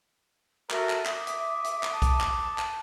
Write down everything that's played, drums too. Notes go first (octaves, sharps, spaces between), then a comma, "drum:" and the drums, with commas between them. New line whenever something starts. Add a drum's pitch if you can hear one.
F#4 A4 A#4 E5, drum: clap
drum: clap
E5 D6 D#6, drum: clap
drum: hi-hat
drum: hi-hat
drum: clap
A5
drum: kick B1, hi-hat
drum: clap
A5
drum: clap